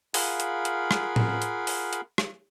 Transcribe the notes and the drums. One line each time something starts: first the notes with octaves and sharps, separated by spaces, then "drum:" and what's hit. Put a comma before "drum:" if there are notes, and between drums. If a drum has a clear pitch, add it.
F4 G#4 A#4 F5 F#5 B5, drum: open hi-hat
drum: hi-hat
drum: hi-hat
drum: rim click
drum: tom
drum: hi-hat
drum: open hi-hat
drum: hi-hat
drum: rim click